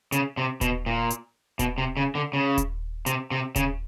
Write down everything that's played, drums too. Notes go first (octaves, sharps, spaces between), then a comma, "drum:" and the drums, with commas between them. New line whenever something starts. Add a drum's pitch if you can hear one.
C#3, drum: hi-hat
C3
B2, drum: kick D#1, hi-hat
A#2
drum: hi-hat
B2, drum: kick D#1, hi-hat
C3
C#3
D3
C#3
drum: kick D#1, hi-hat
C3, drum: hi-hat
C3
C#3, drum: kick D#1, hi-hat